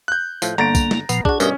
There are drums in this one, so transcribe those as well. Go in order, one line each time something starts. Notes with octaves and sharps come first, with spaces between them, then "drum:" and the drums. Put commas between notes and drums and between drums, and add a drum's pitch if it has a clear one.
F#6 G6
A2 F3, drum: tambourine
G1 D3 A#3 A#5 A6 D7
drum: kick, tambourine
drum: snare
A#2 F3 B3, drum: tambourine
D4 F#4 G#4, drum: kick
G2 B2 C#4 G4 A#4 D#5 E5, drum: tambourine